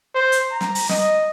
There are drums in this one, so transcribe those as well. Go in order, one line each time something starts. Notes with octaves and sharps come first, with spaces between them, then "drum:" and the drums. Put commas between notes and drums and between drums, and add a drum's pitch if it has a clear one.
C5
drum: hi-hat
A#5
drum: snare
drum: open hi-hat
D#5, drum: snare